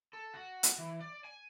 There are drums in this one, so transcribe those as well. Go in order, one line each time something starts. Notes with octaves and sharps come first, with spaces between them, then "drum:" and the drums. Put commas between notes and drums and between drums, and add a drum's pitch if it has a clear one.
A4
F#4
drum: hi-hat
E3
D5
G#5